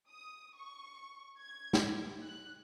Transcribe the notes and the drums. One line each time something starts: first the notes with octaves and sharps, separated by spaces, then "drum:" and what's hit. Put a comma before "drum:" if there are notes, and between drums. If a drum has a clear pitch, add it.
D#6
C#6
G#6
drum: snare
F#6